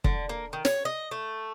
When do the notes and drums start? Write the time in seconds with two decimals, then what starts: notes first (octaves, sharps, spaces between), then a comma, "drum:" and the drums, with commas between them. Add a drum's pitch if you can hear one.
0.04 D3, drum: kick
0.29 A#3
0.53 D#3
0.65 C#5, drum: snare
0.85 D#5
1.11 A3